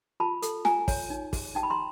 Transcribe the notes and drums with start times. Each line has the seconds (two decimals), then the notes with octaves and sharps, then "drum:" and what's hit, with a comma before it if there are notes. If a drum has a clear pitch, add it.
0.20 F4 A5 B5
0.42 A4, drum: hi-hat
0.65 F4 G#5 A#5, drum: snare
0.88 C#5, drum: kick, open hi-hat
1.10 D#4
1.33 G#4, drum: kick, open hi-hat
1.55 D#4 G5 A5
1.63 B5
1.70 A#5 C6